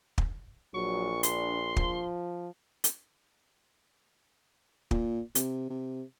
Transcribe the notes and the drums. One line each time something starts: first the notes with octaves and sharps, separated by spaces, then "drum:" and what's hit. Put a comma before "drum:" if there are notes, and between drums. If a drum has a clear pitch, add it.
drum: kick
A#1 F#3 C#6
D4 C6, drum: hi-hat
F3, drum: kick
drum: hi-hat
A#2, drum: kick
C3, drum: hi-hat
C3